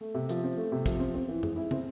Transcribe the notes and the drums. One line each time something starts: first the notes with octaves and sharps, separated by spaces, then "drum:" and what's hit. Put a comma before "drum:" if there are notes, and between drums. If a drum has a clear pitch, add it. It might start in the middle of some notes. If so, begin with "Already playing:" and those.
A3
C3
F3, drum: hi-hat
C4
A3
C3
F3, drum: kick, hi-hat
C4
C4
E3
G#3, drum: tom
E4
C4, drum: tom